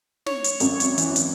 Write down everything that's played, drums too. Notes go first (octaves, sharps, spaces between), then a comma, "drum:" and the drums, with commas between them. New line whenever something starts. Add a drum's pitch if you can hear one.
C#5, drum: snare
drum: hi-hat
G#1 F#2, drum: hi-hat
drum: hi-hat
E3, drum: hi-hat
drum: hi-hat